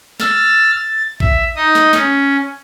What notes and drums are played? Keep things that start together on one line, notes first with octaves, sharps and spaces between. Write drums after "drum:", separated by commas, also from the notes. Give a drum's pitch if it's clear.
E6 F6 A6, drum: snare
A6
E5, drum: kick
D#4 D#5 D#6
drum: snare
C#4, drum: snare